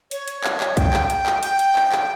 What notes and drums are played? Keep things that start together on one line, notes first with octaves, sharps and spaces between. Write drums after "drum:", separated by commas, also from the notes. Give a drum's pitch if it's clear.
C#5, drum: hi-hat
drum: hi-hat
drum: clap
drum: clap
G5, drum: kick, hi-hat
drum: clap
drum: hi-hat
drum: clap
G5, drum: hi-hat
drum: hi-hat
drum: clap
drum: clap